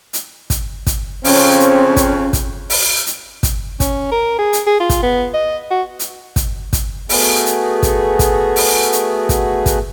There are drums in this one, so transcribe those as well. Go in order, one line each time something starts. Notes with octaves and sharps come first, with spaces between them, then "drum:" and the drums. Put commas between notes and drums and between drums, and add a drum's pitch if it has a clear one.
drum: hi-hat
drum: kick, hi-hat
drum: kick, hi-hat
F2 C#3 C4 C#4, drum: open hi-hat
drum: hi-hat
drum: kick, hi-hat
drum: kick, hi-hat
drum: open hi-hat
drum: hi-hat
drum: kick, hi-hat
C#4, drum: kick, hi-hat
A#4
G#4
drum: hi-hat
G#4
F4
drum: kick, hi-hat
B3
D#5
F#4
drum: hi-hat
drum: kick, hi-hat
drum: kick, hi-hat
A3 B3 F#4 G#4, drum: open hi-hat
drum: hi-hat
drum: kick, hi-hat
drum: kick, hi-hat
drum: open hi-hat
drum: hi-hat
drum: kick, hi-hat
drum: kick, hi-hat